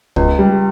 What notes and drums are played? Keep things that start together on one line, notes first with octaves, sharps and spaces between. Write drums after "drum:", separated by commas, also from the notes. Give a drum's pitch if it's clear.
C#2, drum: kick
G3